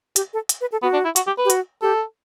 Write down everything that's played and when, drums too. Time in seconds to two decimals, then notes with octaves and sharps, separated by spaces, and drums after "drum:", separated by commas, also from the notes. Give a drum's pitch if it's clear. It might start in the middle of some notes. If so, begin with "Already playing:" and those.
0.16 G4, drum: hi-hat
0.33 A4
0.49 drum: hi-hat
0.61 B4
0.72 A4
0.83 B3 F#4
0.93 D4
1.05 E4
1.16 F#4, drum: hi-hat
1.27 G4
1.38 B4
1.45 G4
1.50 F#4, drum: hi-hat
1.82 G4 A4